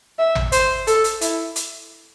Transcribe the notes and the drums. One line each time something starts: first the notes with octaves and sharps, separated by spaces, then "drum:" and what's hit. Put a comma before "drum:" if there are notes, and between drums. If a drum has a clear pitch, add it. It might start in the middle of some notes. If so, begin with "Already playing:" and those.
E5
drum: tom
C5, drum: hi-hat
A4, drum: hi-hat
drum: hi-hat
E4, drum: hi-hat
drum: hi-hat